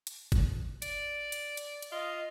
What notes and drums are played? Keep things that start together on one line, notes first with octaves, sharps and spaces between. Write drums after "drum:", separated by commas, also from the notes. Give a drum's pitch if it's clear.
drum: hi-hat
drum: kick F#1, hi-hat
D5, drum: hi-hat
drum: hi-hat
drum: hi-hat
drum: hi-hat
F4 D#5